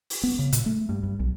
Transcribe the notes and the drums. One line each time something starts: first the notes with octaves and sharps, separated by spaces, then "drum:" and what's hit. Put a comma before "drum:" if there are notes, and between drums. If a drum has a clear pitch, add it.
drum: open hi-hat
B3
C#3
A#2, drum: hi-hat
A3
G2
G2
B1